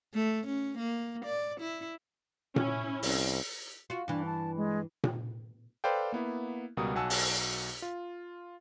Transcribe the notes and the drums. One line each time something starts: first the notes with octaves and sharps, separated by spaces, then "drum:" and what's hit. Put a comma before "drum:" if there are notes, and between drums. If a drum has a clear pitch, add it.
A3
C#4
A#3
D5
E4
C#4 E4, drum: tom A#2
C2, drum: open hi-hat
F4 F#4
G2 E3 D4
A5
G#3
drum: tom A#2
A4 B4 C5 D5 F5 G5
A#3 B3 E4
C#2 B2 G3 A#4 D#6
B1 F#4 F#5 G#5 A5 E6
drum: open hi-hat
F4